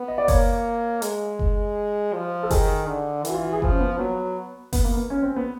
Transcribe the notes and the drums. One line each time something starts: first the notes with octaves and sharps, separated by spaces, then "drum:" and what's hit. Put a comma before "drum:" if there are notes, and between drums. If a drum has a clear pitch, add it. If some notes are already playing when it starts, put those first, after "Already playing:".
Already playing: B3
D#5
D5
A#3 C#5, drum: kick F#1, open hi-hat
G#3, drum: hi-hat
drum: kick F#1
F3
A4
D#3 G#4, drum: kick F#1, open hi-hat
D3
E3 F#4, drum: hi-hat
F4
F#4
G#4
F3, drum: kick F#1
C#4
B3
F#3 B3
B3, drum: kick F#1, open hi-hat
A#3
B3
C#4
C4
B3